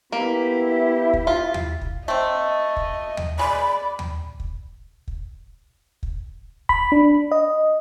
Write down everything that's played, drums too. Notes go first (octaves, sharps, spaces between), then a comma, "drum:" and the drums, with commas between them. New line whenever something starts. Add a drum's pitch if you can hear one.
A#3 B3 E4 G4
E5
drum: kick
F4
drum: tom
drum: kick
A3 C4 D#5
drum: kick
drum: tom
G#3 D5 B5
drum: tom
drum: kick
drum: kick
drum: kick
B5, drum: kick
D4
D#5